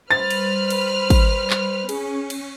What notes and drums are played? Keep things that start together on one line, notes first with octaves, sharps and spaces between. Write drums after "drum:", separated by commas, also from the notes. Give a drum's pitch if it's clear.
G3 B4 C5 F6 A6
drum: cymbal
drum: cymbal
drum: kick G#1, cymbal
drum: clap
C#4 G#4, drum: cymbal
drum: cymbal